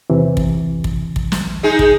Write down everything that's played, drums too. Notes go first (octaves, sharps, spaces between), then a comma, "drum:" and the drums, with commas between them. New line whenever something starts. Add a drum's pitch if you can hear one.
E2 C3 E3
drum: kick
drum: kick
drum: kick
drum: snare
G#3 D#4 G#4
drum: kick